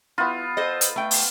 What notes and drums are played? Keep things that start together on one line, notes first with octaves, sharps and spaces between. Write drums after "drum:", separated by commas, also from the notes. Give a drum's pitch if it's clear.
B3 E4 F4
A4 C5 D#5
drum: hi-hat
A3 G5
drum: open hi-hat